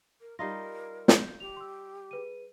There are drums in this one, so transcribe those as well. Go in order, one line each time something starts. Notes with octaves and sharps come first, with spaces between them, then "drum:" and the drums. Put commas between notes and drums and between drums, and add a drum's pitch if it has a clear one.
A#4
G3 D#4 F4 A#4 A#6 C7
G6, drum: snare
G4 F7
C6 E6
G#4 B4 D#7